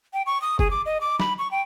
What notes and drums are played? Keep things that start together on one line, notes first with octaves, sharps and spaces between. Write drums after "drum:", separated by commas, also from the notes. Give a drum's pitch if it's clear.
G5
C#6
D#6
G#4, drum: kick G1
D6
D#5
D6
B5, drum: snare
C#6
G5